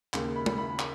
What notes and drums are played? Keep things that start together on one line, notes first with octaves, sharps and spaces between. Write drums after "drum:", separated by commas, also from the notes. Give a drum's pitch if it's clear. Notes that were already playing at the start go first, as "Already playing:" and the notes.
D#2 C#3 G#3, drum: clap
B5
drum: tom G#3
B5
B5, drum: clap